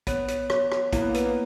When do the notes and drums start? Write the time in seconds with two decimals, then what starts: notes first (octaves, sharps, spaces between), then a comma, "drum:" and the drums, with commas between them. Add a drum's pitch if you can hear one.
0.07 B3 C#5, drum: kick A#1, hi-hat
0.28 C#5, drum: hi-hat
0.50 C#5, drum: rim click
0.72 C#5, drum: rim click
0.93 A#3 E4, drum: kick A#1, hi-hat
1.01 B3
1.09 A#3
1.14 B3 B4, drum: hi-hat
1.25 A#3